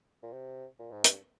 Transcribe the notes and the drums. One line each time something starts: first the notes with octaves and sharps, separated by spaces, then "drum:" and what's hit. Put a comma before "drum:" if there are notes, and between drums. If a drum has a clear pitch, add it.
A#2
C3
A#2
G#2
G2, drum: hi-hat